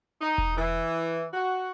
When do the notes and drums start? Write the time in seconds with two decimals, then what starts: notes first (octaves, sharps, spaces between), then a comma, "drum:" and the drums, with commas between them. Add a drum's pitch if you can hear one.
0.21 D#4
0.38 drum: kick E1
0.57 E3
1.33 F#4